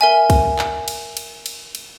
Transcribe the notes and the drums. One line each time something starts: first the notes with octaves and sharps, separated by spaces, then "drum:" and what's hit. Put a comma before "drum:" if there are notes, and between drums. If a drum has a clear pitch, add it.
A#4 E5 G#5
drum: kick, cymbal
drum: clap
drum: cymbal
drum: cymbal
drum: cymbal
drum: cymbal